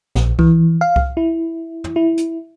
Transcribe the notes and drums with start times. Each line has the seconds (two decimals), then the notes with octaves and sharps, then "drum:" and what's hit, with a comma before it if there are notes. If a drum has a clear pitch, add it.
0.15 A#1, drum: snare
0.39 E3, drum: kick C2
0.81 F5
0.96 drum: kick C2
1.17 E4
1.84 drum: tom
1.96 E4
2.17 drum: hi-hat